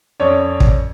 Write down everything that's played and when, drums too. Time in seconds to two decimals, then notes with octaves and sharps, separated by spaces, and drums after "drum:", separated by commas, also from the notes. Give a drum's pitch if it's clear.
0.20 F2 C#4 C#5 D5
0.60 drum: kick